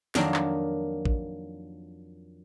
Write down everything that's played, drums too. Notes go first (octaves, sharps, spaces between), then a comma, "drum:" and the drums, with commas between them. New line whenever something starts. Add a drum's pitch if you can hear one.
F2 D#3 F#3 A#3 D4 F5, drum: snare
drum: clap
drum: kick A#1